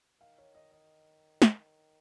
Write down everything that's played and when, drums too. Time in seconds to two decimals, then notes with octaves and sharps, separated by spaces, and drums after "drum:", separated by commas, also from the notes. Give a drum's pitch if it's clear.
0.21 D#3 F5
0.38 C#5
0.55 D#5
0.71 D#5
1.42 drum: snare